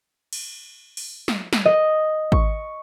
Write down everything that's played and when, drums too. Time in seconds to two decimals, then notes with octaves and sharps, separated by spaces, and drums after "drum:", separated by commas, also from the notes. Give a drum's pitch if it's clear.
0.33 drum: cymbal
0.97 drum: open hi-hat
1.28 drum: snare
1.53 drum: snare
1.65 D#5
2.32 C#6, drum: kick G#1